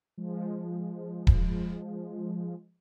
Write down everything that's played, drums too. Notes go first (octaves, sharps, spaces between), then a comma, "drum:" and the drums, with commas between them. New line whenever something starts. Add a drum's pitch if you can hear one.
F3 G#3
drum: kick D#1